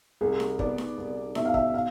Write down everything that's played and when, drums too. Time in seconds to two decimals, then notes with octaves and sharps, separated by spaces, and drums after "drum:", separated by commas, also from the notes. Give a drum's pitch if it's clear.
0.21 C2 G#4
0.40 drum: snare D#4
0.59 B3 D5, drum: kick
0.78 drum: snare D#4
0.97 C2
1.35 B2 E5, drum: snare D#4
1.45 F5
1.54 E5, drum: kick
1.74 F5